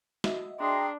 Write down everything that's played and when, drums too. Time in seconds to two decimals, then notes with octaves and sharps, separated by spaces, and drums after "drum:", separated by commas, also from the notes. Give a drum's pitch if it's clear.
0.24 F#4 D#5 E5, drum: snare
0.60 D4 G#4 G5 A#5 C6